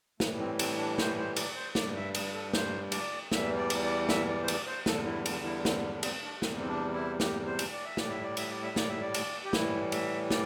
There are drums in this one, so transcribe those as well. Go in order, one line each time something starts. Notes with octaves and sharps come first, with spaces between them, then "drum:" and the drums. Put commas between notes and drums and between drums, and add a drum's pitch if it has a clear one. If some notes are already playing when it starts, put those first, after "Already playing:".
A2 E3 G3 A3, drum: snare
C4
C4, drum: cymbal
D4
C5, drum: snare
C5
D5, drum: cymbal
C5
G2 G3 D5, drum: snare
E5
drum: cymbal
A4
C5, drum: snare
D5, drum: cymbal
E2 E3 G3 E5, drum: snare
D5
drum: cymbal
D5
E5, drum: snare
D5
C5
D5, drum: cymbal
C5
E2 D3 G3 A4, drum: snare
E4
drum: cymbal
E4
C4, drum: snare
D4
C4, drum: cymbal
D4
E2 C3 G3 C4, drum: snare
C4
D4
E4
G4, drum: snare
C5
drum: cymbal
D5
E5
A2 G3 D5, drum: snare
E5
D5
E5, drum: cymbal
D5
E5
D5, drum: snare
E5
D5
drum: cymbal
G4
A2 E3 G3 E4, drum: snare
E5, drum: cymbal
D5, drum: snare